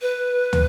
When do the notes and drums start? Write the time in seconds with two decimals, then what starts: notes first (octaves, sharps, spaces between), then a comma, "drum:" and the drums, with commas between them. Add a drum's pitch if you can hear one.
0.02 B4
0.53 drum: tom